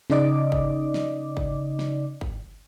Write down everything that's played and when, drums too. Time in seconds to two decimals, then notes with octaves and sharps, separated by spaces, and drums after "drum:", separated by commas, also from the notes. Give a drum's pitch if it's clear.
0.10 C#3 D#4 D5 D#5 D6, drum: snare
0.52 drum: kick
0.94 drum: snare
1.37 drum: kick
1.79 drum: snare
2.21 drum: kick